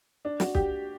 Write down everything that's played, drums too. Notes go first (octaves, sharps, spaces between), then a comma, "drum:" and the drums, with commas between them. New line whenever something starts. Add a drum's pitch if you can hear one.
D4
F#4, drum: snare
G4, drum: kick